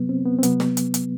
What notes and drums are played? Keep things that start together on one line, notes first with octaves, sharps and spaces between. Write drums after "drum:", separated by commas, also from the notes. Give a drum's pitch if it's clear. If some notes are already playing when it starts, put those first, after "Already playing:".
Already playing: C3 F#3 B3
C4
B3
C4
C3 F#3 B3, drum: hi-hat
drum: snare
drum: hi-hat
drum: hi-hat